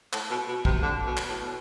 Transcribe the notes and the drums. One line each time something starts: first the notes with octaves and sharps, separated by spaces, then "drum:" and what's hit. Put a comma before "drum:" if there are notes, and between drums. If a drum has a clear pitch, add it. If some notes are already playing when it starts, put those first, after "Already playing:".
A2, drum: clap
B2
B2
C3, drum: kick
D3
B2
drum: clap
A2
B2